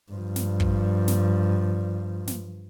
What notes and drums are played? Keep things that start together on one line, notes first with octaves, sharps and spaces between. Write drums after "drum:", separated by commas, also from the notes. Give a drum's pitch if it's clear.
G2 F3
drum: snare
drum: kick
drum: snare
drum: snare